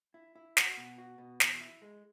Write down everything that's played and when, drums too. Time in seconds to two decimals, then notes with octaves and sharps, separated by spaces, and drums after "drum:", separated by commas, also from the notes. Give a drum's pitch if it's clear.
0.14 E4
0.35 E4
0.57 F#4, drum: snare
0.77 B2
0.98 F#4
1.18 B2
1.40 E3, drum: snare
1.61 E4
1.82 G#3